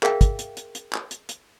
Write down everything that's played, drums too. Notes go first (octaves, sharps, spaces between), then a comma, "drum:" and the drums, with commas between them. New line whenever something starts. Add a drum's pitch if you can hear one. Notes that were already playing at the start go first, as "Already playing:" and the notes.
G#4 A#4 E5 F5 G5, drum: clap
drum: kick, hi-hat
drum: hi-hat
drum: hi-hat
drum: hi-hat
drum: clap
drum: hi-hat
drum: hi-hat